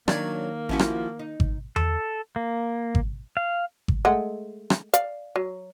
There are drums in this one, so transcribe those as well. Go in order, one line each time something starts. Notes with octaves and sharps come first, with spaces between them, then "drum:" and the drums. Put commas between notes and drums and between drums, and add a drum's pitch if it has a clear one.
D#3 F#3 A#3 D4 D5 G#6, drum: rim click
A1 F3 C#4 E4 F#4
drum: rim click
D#4
drum: kick G#1
A4, drum: tom E2
A#3
drum: kick G#1
F5
drum: kick G#1
G#3 A3 F#5
drum: rim click
D5 F5, drum: hi-hat
F#3